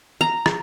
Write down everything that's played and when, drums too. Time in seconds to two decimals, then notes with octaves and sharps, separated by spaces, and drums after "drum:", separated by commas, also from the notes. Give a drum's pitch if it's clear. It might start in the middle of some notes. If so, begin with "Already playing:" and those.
0.21 A#5
0.46 drum: rim click